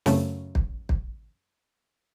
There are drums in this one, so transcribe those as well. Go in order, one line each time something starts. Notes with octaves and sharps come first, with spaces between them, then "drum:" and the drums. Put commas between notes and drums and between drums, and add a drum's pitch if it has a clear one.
F#2 C#3 A3, drum: snare
drum: kick
drum: kick